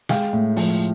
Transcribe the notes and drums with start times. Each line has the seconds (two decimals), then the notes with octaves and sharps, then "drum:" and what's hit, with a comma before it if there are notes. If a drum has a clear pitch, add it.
0.09 G#3 F5 G5, drum: snare
0.33 A2
0.56 F3, drum: open hi-hat